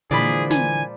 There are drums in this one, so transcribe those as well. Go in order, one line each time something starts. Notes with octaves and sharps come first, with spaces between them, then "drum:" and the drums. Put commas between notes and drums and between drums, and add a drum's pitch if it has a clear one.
A#2 D3 E3 F3 G#3 G#4 D5 B5
G#5, drum: snare